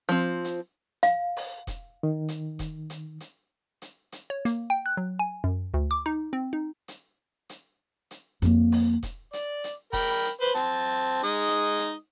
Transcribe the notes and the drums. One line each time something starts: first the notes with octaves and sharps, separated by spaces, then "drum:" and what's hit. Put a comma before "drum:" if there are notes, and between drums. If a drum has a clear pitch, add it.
F3 C4
drum: hi-hat
F5, drum: hi-hat
drum: open hi-hat
drum: kick E1, hi-hat
D#3
drum: hi-hat
drum: kick E1, hi-hat
drum: hi-hat
drum: hi-hat
drum: hi-hat
drum: hi-hat
C#5
A#3, drum: hi-hat
G5
F#6
F#3
G#5
F#2
D2
D6
D#4
C4
D#4
drum: hi-hat
drum: hi-hat
drum: hi-hat
F2 A#3, drum: hi-hat
drum: open hi-hat
drum: kick E1, hi-hat
D5, drum: hi-hat
drum: hi-hat
A#4 G5 B5, drum: kick E1, hi-hat
drum: hi-hat
B4 C5
C4 A5, drum: hi-hat
G#3 D#4 D#6
drum: hi-hat
drum: hi-hat